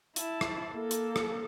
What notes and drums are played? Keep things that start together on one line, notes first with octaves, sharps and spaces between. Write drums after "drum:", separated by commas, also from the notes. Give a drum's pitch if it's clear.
E4 A5, drum: hi-hat
drum: rim click
A#3 A4
drum: hi-hat
drum: rim click